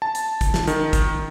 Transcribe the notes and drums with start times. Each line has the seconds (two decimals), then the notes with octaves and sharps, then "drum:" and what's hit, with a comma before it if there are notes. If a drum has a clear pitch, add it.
0.02 A5
0.15 drum: hi-hat
0.41 drum: kick, hi-hat
0.54 drum: snare
0.67 D#3, drum: hi-hat
0.93 drum: kick, hi-hat